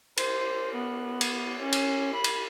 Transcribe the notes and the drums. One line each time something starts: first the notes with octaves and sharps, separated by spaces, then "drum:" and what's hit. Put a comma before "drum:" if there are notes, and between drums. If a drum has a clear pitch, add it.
C5, drum: cymbal
B3
drum: cymbal
C#4
drum: cymbal
B5
drum: cymbal